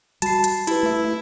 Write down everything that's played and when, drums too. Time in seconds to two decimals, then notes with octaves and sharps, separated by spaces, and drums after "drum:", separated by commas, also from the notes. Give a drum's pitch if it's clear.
0.22 G3 F#4 A5 B5 C7, drum: hi-hat
0.44 drum: hi-hat
0.67 E4 G4 B4, drum: hi-hat
0.83 A3